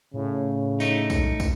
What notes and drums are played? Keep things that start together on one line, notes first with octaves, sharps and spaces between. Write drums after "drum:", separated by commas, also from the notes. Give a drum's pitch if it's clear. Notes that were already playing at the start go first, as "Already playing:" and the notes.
A2 C#3
A3 D#4, drum: tambourine
drum: kick, tambourine
drum: kick, tambourine